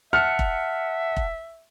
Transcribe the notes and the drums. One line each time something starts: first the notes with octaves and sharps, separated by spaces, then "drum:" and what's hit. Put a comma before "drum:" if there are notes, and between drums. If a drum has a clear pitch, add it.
E5 F#5 A5 F6 C#7
drum: kick F1
drum: kick F1